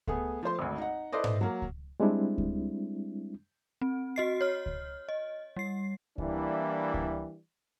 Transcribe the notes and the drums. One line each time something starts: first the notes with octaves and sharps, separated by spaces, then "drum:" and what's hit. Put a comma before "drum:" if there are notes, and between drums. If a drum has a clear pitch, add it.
A3 B3 G#4, drum: kick C#2
F3 A3 C5 C6
G#1 D2
D#4 F#5
E4 A4 B4 C5 D5 D#5
drum: tom G#2
F#3 A#3
drum: kick C#2
G3 G#3 C4 D4 E4
drum: kick C#2
C4
F#4 D#5 C7
C#5 F6
drum: kick C#2
D#5
G3 C7
E3 G3 A#3 D4 E4, drum: kick C#2
drum: kick C#2